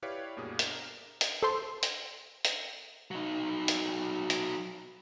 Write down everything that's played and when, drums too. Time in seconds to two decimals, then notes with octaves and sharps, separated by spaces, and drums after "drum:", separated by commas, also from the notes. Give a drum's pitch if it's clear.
0.02 E4 G4 B4 C#5 D5 F5
0.36 D2 G2 B2 A#3 G#4 D#6
0.59 D4 A#4, drum: hi-hat
1.21 drum: hi-hat
1.43 A4 C5 C6
1.83 drum: hi-hat
2.45 drum: hi-hat
3.11 F#3 D#4
3.68 drum: hi-hat
4.30 drum: hi-hat